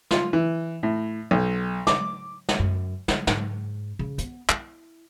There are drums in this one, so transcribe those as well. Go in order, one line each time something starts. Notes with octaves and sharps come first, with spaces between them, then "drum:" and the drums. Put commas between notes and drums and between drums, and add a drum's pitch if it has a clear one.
F4, drum: snare
E3
A2
B1
D6, drum: snare
drum: snare
F#2
C#3, drum: snare
G#2, drum: snare
C#3
B3, drum: hi-hat
E4, drum: clap